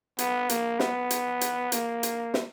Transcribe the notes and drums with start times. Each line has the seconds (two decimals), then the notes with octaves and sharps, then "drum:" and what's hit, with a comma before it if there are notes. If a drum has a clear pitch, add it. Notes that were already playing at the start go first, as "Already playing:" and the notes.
0.19 B3, drum: hi-hat
0.49 A#3, drum: hi-hat
0.79 B3, drum: snare
1.11 drum: hi-hat
1.41 drum: hi-hat
1.72 A#3, drum: hi-hat
2.03 drum: hi-hat
2.34 drum: snare